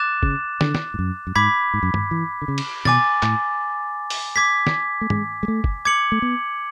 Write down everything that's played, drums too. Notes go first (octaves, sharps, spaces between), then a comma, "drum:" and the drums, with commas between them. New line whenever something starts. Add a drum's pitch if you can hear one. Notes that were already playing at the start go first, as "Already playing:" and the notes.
Already playing: D6 F#6 A6 E7
C#3, drum: kick
D3, drum: snare
drum: snare
G#2
F#2
F#2
G#2 B5 D6 G#6 B6
G#2
F#2
G#2, drum: tom
E3
D3
C#3
drum: cymbal
B2 G#5 D6 A6, drum: snare
A2, drum: clap
drum: open hi-hat
D6 G#6 B6
drum: snare
A3
G#3, drum: tom
G#3
A3
drum: kick
D6 G#6 C#7 F#7
A3
B3